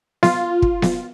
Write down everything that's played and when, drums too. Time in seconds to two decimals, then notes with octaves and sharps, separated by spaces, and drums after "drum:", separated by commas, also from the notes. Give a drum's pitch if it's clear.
0.23 F4, drum: snare B3
0.62 drum: kick
0.82 drum: snare B3